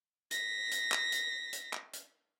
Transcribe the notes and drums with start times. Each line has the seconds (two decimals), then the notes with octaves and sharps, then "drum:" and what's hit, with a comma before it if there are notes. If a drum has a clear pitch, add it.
0.31 A#6 B6, drum: hi-hat
0.71 drum: hi-hat
0.92 drum: clap
1.12 drum: hi-hat
1.53 drum: hi-hat
1.73 drum: clap
1.93 drum: hi-hat